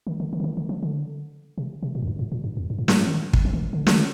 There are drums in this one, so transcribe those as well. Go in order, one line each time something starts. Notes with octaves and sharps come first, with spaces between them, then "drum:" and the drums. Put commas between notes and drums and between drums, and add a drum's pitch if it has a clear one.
D#3
D3
D#3
D3
D#3
D3
F3
D3
C3
C3
A#2
F2
G2
A2
A#2
G2
F2
G2
A2
G2, drum: snare
F3
D#3
drum: kick
F3
D#3
D3
D#3, drum: snare